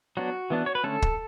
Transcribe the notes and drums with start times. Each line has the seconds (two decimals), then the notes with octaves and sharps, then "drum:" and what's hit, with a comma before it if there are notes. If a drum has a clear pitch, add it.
0.17 F#3 B3 D4 F#4
0.50 E3 B3 D4
0.66 C#5
0.75 B4
0.84 D3 A3 C#4 A4
1.02 drum: kick